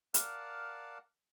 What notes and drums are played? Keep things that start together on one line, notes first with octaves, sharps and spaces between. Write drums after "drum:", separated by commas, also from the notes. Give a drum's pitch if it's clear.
A#4 D5 F5 F#5 A5, drum: hi-hat